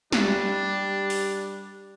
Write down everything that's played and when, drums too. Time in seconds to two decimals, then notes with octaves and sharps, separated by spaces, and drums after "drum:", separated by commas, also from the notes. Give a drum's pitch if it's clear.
0.12 G3 D4 G4, drum: snare
1.10 drum: open hi-hat